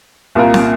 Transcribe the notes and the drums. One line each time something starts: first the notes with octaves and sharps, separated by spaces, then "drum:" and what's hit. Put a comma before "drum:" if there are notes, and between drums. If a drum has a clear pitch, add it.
C2 A#2 A#3 F4 A#4
drum: snare